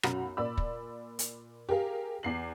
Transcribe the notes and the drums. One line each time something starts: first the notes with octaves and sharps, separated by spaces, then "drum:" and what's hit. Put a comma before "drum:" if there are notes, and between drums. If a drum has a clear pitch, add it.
B1 F#2 F#4 A#5 B5, drum: rim click
A#2 D5 B5 E6
drum: kick
drum: hi-hat
G4 G#4 A#4 F5
E2 C7 F#7